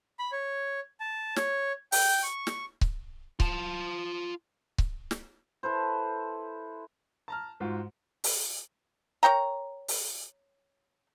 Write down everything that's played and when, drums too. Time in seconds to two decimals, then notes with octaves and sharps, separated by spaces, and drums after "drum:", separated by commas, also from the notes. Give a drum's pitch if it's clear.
0.19 B5
0.32 C#5
1.00 A5
1.36 C#5, drum: snare
1.92 G5, drum: open hi-hat
2.23 C#6
2.47 drum: snare
2.81 drum: kick C#1
3.40 F4 A5, drum: kick C#1
4.78 drum: kick C#1
5.11 drum: snare
5.63 E4 A4 B4 C5
7.28 A5 A#5 F6
7.60 G#2 G#3 F4 F#4
8.24 drum: open hi-hat
9.23 A#4 C#5 G5 A#5
9.88 drum: open hi-hat